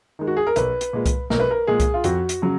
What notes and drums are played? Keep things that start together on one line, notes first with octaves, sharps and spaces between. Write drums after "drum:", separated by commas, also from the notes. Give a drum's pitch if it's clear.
D#3 G#3
F#4
G#4
A#4
B1 B4, drum: hi-hat
drum: hi-hat
A#2 G#3
drum: kick C2, hi-hat
B1 A#4, drum: snare
B4
A#4
A#2 G#3 G#4
drum: kick C2, hi-hat
F4
F2 F#4, drum: hi-hat
drum: hi-hat
C#3 F#3